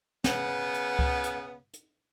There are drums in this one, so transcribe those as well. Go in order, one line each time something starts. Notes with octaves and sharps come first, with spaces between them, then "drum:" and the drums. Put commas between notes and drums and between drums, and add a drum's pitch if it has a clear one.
C#3 B3, drum: snare
drum: hi-hat
drum: kick C#2
drum: hi-hat
drum: hi-hat